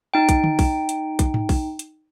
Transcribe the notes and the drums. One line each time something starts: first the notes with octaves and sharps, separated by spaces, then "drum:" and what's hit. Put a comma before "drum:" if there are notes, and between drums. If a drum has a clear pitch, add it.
D#4 G5
drum: kick B1, hi-hat
drum: tom D3
drum: kick B1, open hi-hat
drum: hi-hat
drum: kick B1, hi-hat
drum: tom G#2
drum: kick B1, open hi-hat
drum: hi-hat